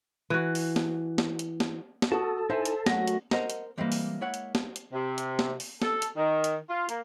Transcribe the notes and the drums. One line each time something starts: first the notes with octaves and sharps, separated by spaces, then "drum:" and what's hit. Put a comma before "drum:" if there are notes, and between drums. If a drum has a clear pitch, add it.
E3 F#4
drum: open hi-hat
drum: snare
drum: snare
drum: hi-hat
drum: snare
drum: snare
F#4 A4 A5 D#6
D#4 E4 C5 E5 G#5
drum: hi-hat
F#2 A3 F#4 A#6, drum: snare
drum: hi-hat
A#4 C5 D#5 F#5 A#5, drum: snare
drum: hi-hat
E3 G3 G#3 A#3 C4
drum: open hi-hat
E4 C#5 F#5
drum: hi-hat
drum: snare
drum: hi-hat
C3
drum: hi-hat
drum: snare
drum: open hi-hat
A4, drum: snare
drum: hi-hat
D#3
drum: hi-hat
F4
A#3, drum: hi-hat